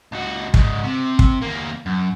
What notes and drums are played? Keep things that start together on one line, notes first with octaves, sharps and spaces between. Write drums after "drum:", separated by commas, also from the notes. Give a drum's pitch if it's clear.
C#2 F#4
G#2 C#3, drum: kick
C3
drum: kick
E2 A#3
F#2